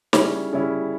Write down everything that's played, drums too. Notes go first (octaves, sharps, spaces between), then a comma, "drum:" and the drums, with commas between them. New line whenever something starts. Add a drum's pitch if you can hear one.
C#3 G3 C#4 E4, drum: snare
C#3 G3 C#4 E4